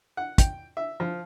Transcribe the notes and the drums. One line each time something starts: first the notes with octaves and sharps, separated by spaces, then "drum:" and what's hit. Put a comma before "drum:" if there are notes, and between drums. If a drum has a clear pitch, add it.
F#5
G5, drum: kick, hi-hat
E5
F3